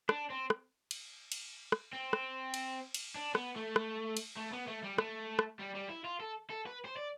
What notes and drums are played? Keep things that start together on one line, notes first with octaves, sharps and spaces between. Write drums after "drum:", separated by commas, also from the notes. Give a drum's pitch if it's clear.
D4, drum: rim click
C4
drum: rim click
drum: cymbal
drum: cymbal
drum: rim click
C4
drum: rim click
drum: cymbal
drum: cymbal
D4
B3, drum: rim click
A3
drum: rim click
drum: cymbal
A3
B3
A3
G3
A3, drum: rim click
drum: rim click
G3
G3
E4
F4
A4
A4
B4
C5
D5